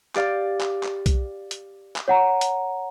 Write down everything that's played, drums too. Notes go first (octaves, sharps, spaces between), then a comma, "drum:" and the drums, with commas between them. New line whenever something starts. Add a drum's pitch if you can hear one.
G4 D5 F5, drum: clap
drum: clap
drum: clap
drum: kick B1, hi-hat
drum: hi-hat
drum: clap
C#5 F#5 A#5
drum: hi-hat